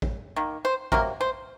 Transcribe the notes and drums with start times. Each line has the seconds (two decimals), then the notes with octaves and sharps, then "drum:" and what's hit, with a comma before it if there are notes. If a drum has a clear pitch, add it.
0.02 drum: kick
0.36 D#3 A#3
0.65 C5
0.92 C3 F#3 A#3 A#4, drum: kick
1.21 C5